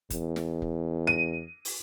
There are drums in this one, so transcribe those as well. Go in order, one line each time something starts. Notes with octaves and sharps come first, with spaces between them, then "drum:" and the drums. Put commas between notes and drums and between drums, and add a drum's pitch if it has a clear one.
E2, drum: kick F1, hi-hat
drum: snare
drum: kick F1
D#7
drum: open hi-hat